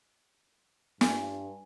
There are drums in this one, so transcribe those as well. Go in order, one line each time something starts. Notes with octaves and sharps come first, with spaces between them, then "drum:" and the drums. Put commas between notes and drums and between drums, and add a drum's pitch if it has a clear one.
G2 G#5, drum: snare